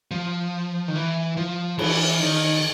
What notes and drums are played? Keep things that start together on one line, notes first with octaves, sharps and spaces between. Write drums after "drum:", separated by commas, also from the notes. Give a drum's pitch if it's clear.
F3
D#3
E3
F3
E3, drum: cymbal
D#3